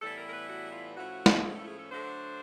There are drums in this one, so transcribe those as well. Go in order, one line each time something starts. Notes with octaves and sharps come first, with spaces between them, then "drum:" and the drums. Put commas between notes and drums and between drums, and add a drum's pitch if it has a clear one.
A2 E3 G3 B3 E4 A4
A#4
A#4
B4
F#4
F4
A2 F3 A3 C#4 E4 F#4
drum: snare
G#4
A4
G#4
A4
D3 F#3 A3 D4 C5